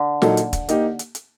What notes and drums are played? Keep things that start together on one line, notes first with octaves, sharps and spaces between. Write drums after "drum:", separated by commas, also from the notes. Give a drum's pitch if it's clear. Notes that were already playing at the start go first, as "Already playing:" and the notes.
Already playing: D3
A#2 F#3 A#3 D#4 A4, drum: snare
drum: hi-hat
drum: kick, hi-hat
A#3 D#4 G4, drum: hi-hat
drum: hi-hat
drum: hi-hat